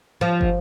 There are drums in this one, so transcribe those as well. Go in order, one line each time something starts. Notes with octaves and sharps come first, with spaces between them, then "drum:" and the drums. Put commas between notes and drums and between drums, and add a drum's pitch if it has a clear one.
F3
drum: kick